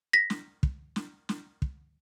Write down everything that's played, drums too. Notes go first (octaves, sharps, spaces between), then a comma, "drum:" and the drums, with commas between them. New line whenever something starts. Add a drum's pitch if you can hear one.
A#6 B6
drum: snare
drum: kick
drum: snare
drum: snare
drum: kick